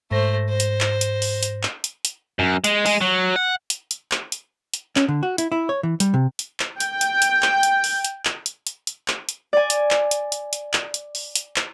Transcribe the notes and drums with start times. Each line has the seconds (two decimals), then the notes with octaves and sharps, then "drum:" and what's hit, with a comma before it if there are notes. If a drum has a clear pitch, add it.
0.11 G#2 A3 C5 A#6
0.49 C5
0.60 drum: hi-hat
0.81 drum: clap
1.01 drum: hi-hat
1.22 drum: open hi-hat
1.43 drum: hi-hat
1.63 drum: clap
1.84 drum: hi-hat
2.05 drum: hi-hat
2.39 F#2
2.64 G#3, drum: hi-hat
2.86 G#3, drum: open hi-hat
3.01 F#3
3.36 F#5
3.70 drum: hi-hat
3.91 drum: hi-hat
4.12 drum: clap
4.32 drum: hi-hat
4.74 drum: hi-hat
4.96 C#4, drum: clap
5.08 D3
5.23 F#4
5.38 E4, drum: hi-hat
5.52 E4
5.69 C#5
5.83 E3
6.00 G3, drum: hi-hat
6.14 C3
6.39 drum: hi-hat
6.60 drum: clap
6.80 G5, drum: hi-hat
7.01 drum: hi-hat
7.22 drum: hi-hat
7.42 drum: clap
7.63 drum: hi-hat
7.84 drum: open hi-hat
8.05 drum: hi-hat
8.25 drum: clap
8.46 drum: hi-hat
8.67 drum: hi-hat
8.87 drum: hi-hat
9.08 drum: clap
9.29 drum: hi-hat
9.53 D5 G#5
9.70 drum: hi-hat
9.91 drum: clap
10.11 drum: hi-hat
10.32 drum: hi-hat
10.53 drum: hi-hat
10.73 drum: clap
10.94 drum: hi-hat
11.15 drum: open hi-hat
11.35 drum: hi-hat
11.56 drum: clap